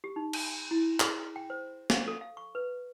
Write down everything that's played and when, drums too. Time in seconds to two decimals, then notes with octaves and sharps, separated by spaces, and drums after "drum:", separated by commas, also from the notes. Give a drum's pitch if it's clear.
0.04 G4
0.16 D#4
0.33 drum: cymbal
0.71 E4
1.00 G#4, drum: clap
1.36 G5
1.50 C5
1.90 C#6, drum: snare
2.08 A4
2.21 F5
2.37 C#6
2.55 B4